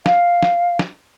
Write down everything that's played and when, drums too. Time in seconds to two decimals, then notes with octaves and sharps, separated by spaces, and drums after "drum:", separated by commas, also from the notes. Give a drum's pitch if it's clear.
0.06 F5, drum: snare
0.43 drum: snare
0.79 drum: snare